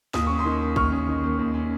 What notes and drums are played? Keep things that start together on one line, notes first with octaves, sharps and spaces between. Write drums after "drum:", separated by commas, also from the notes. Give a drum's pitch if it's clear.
D#2 D#6, drum: snare
C#4 C#6
C6 D#6
D#3
A#3
D#2 C#6 F6, drum: kick
C#4
D#3
A#3
D#2
C#4